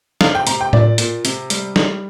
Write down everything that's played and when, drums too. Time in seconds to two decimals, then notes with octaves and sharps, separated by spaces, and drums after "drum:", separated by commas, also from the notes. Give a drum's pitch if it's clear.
0.21 C3 F5, drum: snare
0.35 G5
0.47 C3 A#5, drum: hi-hat
0.60 G5
0.73 A#2 D5, drum: tom A2
0.98 A#2, drum: hi-hat
1.25 C3, drum: hi-hat
1.50 G3, drum: hi-hat
1.76 G3, drum: snare